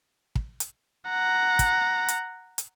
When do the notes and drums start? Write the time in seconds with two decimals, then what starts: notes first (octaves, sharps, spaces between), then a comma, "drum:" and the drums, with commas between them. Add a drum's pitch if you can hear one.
0.35 drum: kick
0.60 drum: hi-hat
1.10 F#5 A#5
1.59 drum: kick, hi-hat
2.08 drum: hi-hat
2.58 drum: hi-hat